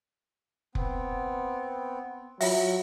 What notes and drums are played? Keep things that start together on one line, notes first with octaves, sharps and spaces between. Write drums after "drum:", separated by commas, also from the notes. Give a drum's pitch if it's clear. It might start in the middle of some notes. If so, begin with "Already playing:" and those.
B3 C4, drum: kick F1
F#3 F4 E5, drum: open hi-hat